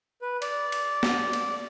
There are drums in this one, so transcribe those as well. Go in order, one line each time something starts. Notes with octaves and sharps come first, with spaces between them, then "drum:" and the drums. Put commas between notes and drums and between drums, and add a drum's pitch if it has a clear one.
B4
D5, drum: cymbal
drum: cymbal
drum: snare
drum: cymbal